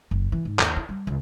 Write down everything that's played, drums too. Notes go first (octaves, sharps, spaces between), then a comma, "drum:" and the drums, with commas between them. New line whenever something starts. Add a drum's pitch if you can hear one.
F#1
E3
G#2
D#2, drum: clap
E4
G3
C#2